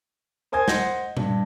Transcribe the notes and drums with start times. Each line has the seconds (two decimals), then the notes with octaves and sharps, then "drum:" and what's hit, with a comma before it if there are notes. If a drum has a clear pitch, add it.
0.52 A#4 C5 G#5 D#6 G#6
0.68 C5 D#5 F#5 C6 G6 A#6, drum: snare
1.17 G2, drum: tom A#2